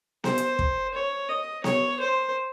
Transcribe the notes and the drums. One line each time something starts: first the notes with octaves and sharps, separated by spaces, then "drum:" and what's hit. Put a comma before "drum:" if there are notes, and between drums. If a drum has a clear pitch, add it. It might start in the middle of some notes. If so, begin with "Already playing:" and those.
C5, drum: snare B3
drum: hi-hat
drum: kick
C#5
D#5
C#5, drum: snare B3
C5